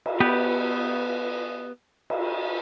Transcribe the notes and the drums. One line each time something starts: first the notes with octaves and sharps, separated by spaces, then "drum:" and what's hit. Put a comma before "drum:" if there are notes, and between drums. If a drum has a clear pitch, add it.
drum: cymbal
B3 G4 B4
drum: cymbal